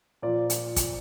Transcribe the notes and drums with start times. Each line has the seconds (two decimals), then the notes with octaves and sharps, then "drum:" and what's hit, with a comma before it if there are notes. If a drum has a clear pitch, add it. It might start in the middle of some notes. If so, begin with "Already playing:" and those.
0.22 A#2 F3 D5
0.50 drum: hi-hat
0.76 drum: kick, hi-hat